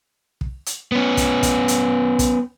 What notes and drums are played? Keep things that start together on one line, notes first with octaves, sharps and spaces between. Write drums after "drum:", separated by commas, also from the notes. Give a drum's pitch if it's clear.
drum: kick
drum: hi-hat
B3 C#4
drum: kick, hi-hat
drum: kick, hi-hat
drum: hi-hat
drum: kick, hi-hat